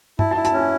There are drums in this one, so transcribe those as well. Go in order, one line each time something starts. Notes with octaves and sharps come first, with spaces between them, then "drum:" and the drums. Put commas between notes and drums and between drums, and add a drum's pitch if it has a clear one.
E4 A5, drum: tom
A5
E4
A5, drum: hi-hat
C#4 G#5